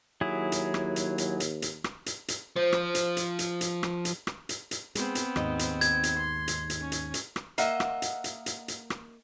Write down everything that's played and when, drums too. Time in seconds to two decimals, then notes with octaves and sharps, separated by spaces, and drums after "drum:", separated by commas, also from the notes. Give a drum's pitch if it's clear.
0.21 D#2 F#3 E4 G#4
0.52 drum: hi-hat
0.74 drum: rim click
0.96 drum: hi-hat
1.18 drum: hi-hat
1.40 drum: hi-hat
1.62 drum: hi-hat
1.84 drum: rim click
2.06 drum: hi-hat
2.28 drum: hi-hat
2.56 F3 C5
2.73 drum: rim click
2.95 drum: hi-hat
3.17 drum: hi-hat
3.39 drum: hi-hat
3.61 drum: hi-hat
3.83 drum: rim click
4.05 drum: hi-hat
4.27 drum: rim click
4.49 drum: hi-hat
4.71 drum: hi-hat
4.95 G#3 B3 C4, drum: hi-hat
5.15 drum: hi-hat
5.36 D#2 G#2 D#5, drum: rim click
5.59 drum: hi-hat
5.81 G#6, drum: hi-hat
6.03 drum: hi-hat
6.18 C6
6.48 drum: hi-hat
6.70 drum: hi-hat
6.80 C#4
6.92 drum: hi-hat
7.14 drum: hi-hat
7.36 drum: rim click
7.58 A#3 D#5 E5 F#5, drum: hi-hat
7.80 drum: rim click
8.02 drum: hi-hat
8.24 drum: hi-hat
8.46 drum: hi-hat
8.68 drum: hi-hat
8.90 drum: rim click